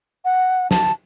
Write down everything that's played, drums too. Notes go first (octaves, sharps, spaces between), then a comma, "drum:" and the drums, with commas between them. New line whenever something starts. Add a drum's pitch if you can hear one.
F#5
A5, drum: snare